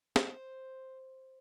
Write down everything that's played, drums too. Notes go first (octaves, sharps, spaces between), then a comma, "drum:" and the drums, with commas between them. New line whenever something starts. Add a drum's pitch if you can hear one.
C5, drum: snare